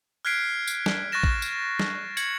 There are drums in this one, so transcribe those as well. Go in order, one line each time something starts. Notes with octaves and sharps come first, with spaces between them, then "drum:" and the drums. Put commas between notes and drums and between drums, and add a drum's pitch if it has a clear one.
F6 F#6 G#6 B6 C7 D7
drum: tambourine
drum: snare
C#6 F#6 A6 A#6 E7
drum: kick
drum: tambourine
drum: snare
G#6 C#7 F#7, drum: tambourine